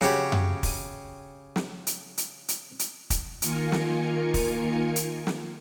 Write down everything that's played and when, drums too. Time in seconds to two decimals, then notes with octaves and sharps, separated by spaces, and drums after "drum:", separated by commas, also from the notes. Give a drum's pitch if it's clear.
0.01 C#3 F#4 G4 C#5 B5, drum: snare
0.32 drum: tom F#2
0.63 drum: kick, open hi-hat
1.56 drum: snare
1.87 drum: hi-hat
2.18 drum: hi-hat
2.48 drum: hi-hat
2.79 drum: hi-hat
3.10 drum: kick, hi-hat
3.42 D#3 A#3 F4 A#4 G#5 C#7, drum: hi-hat
3.72 drum: snare
4.34 drum: kick, open hi-hat
4.96 drum: hi-hat
5.27 drum: snare